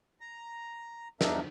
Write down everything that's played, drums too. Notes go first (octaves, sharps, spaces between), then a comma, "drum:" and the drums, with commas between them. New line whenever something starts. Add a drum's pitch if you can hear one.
A#5
E2 G2 D4 D#4 A#4 E5, drum: snare